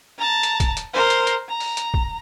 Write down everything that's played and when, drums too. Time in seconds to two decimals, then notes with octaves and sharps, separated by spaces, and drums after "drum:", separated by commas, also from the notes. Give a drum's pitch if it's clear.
0.18 A5 A#5
0.43 drum: hi-hat
0.60 drum: kick, hi-hat
0.77 drum: hi-hat
0.94 A#4 C5
1.10 drum: hi-hat
1.27 drum: hi-hat
1.48 A#5
1.60 drum: open hi-hat
1.77 drum: hi-hat
1.94 drum: kick